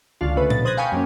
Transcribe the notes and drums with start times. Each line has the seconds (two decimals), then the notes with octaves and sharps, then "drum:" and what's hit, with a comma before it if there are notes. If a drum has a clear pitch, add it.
0.21 C#2 D3 D4 F4
0.36 C#3 A3 B4
0.50 B2 A6, drum: tom A2
0.65 C5 D#6 F#6 G#6 A#6
0.77 F5 G5 G#5 B5 C#6 D#6
0.92 F#2 A#3 C#4